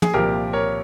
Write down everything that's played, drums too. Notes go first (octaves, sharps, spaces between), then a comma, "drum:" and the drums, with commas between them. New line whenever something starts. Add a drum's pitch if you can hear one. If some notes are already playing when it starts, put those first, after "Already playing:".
G#4, drum: tom
C2 A#2 F3 G4 A#4
A#4 C#5